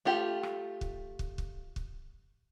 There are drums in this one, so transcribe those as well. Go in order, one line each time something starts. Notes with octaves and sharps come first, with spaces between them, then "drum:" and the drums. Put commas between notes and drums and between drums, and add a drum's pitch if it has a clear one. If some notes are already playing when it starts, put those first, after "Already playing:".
A3 F4 G4
drum: rim click
drum: kick
drum: kick
drum: kick
drum: kick